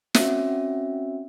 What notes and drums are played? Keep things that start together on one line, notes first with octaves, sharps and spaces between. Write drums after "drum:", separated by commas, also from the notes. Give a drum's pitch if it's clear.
C4 C#4 F#4 E5, drum: snare